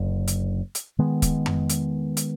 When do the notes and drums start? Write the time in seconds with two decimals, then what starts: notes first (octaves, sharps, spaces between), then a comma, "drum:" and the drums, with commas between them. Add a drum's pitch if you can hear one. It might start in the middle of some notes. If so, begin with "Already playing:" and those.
Already playing: F#1 F#2 D3
0.28 drum: hi-hat
0.75 drum: hi-hat
0.98 D#3 G#3 B3
1.22 drum: kick, hi-hat
1.46 drum: tom F2
1.70 drum: hi-hat
2.17 drum: hi-hat